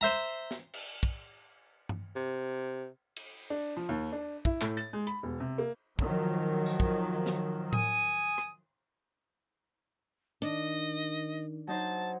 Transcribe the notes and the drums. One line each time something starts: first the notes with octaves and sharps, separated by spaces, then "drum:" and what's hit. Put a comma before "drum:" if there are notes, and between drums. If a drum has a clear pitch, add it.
C5 E5 A#5
drum: snare
drum: cymbal
drum: kick
drum: tom G2
C3
drum: cymbal
D4
F3
D#2
D4
E4, drum: kick
A2, drum: clap
A6, drum: hi-hat
G#3
B5, drum: hi-hat
E1
C3
A#3
D#3 F3 F#3, drum: kick
drum: tambourine
drum: kick
drum: snare
G#5 D#6, drum: tom A2
drum: rim click
D#3 D4 D#5, drum: hi-hat
F#3 D#4 C5 A5